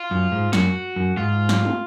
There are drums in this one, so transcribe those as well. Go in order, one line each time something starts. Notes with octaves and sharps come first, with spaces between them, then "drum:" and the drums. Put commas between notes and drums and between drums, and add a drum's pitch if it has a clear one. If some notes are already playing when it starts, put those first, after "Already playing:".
Already playing: F4
F#2
G#2
F#2 F#4, drum: snare
F#2
G#2 F4
drum: snare
drum: tom